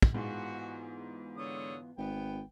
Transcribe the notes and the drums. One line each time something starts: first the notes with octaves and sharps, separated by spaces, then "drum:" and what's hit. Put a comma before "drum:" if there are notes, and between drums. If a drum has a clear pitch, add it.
drum: kick
G#2 E3 B3 F4 F#4 G#4 F#5
D3 C#5 D#6
G#1 B3 G5